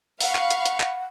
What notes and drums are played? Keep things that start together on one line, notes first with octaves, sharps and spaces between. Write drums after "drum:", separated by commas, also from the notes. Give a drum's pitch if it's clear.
F5 F#5 B5 C#6, drum: open hi-hat
drum: clap
drum: hi-hat
drum: hi-hat
drum: clap